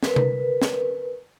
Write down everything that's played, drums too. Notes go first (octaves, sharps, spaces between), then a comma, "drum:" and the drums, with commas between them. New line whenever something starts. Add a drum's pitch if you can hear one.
A#4 B4, drum: snare
drum: tom C3
drum: snare